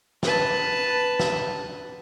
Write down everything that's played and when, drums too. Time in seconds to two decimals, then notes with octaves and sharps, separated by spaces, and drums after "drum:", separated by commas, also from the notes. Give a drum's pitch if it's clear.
0.23 B4 A5, drum: snare
1.20 drum: snare